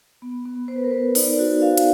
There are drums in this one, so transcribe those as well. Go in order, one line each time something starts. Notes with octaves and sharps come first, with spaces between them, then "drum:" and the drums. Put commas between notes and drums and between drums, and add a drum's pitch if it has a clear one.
B3
B3
B3 C5
B4
A#4
B3 B4
D#4 D5, drum: open hi-hat
F#4
F#4 F5
drum: hi-hat